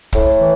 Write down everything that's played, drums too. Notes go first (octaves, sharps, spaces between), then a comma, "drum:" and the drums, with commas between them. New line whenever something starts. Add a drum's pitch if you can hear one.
A2, drum: kick
E3